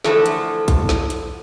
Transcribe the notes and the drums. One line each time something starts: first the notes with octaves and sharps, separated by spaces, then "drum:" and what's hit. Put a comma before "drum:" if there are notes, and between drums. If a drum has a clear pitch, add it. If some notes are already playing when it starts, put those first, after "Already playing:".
D3 E3 F3 A3 A4, drum: snare
drum: hi-hat
drum: kick, hi-hat
drum: snare
drum: hi-hat